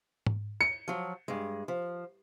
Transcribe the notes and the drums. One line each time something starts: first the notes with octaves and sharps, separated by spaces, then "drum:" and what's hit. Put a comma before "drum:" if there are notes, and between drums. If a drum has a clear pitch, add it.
drum: tom G#2
C#7
F3 F#3
G2 G#3
F3